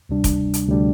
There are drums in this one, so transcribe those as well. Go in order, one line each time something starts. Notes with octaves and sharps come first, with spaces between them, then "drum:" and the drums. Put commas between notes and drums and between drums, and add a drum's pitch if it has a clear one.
D2 C3 G3 D4
drum: kick, hi-hat
drum: hi-hat
D2 C3 G3 D4